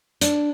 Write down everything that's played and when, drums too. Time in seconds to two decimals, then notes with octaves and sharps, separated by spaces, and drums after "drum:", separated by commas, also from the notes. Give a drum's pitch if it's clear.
0.21 D4, drum: hi-hat